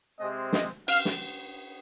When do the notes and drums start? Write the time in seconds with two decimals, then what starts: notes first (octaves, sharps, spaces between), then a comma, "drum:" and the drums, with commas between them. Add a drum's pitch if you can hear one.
0.18 C3 G#3 C4 D#5
0.53 D#5, drum: snare
0.88 F5, drum: cymbal
1.05 drum: snare